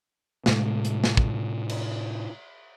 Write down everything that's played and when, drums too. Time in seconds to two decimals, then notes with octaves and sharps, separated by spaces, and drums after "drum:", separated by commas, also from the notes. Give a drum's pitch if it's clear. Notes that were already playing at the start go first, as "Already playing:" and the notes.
0.46 A2 C3 G#3 A3, drum: snare
0.85 drum: hi-hat
1.04 drum: snare
1.17 drum: kick
1.69 drum: cymbal